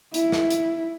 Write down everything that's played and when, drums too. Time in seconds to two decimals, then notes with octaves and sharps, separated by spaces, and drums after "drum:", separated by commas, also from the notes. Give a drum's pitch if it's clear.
0.14 E4, drum: hi-hat
0.32 drum: snare
0.50 drum: hi-hat